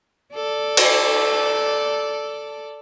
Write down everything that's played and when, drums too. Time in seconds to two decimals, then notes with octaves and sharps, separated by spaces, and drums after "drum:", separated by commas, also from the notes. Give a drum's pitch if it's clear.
0.35 A4 D5
0.77 drum: cymbal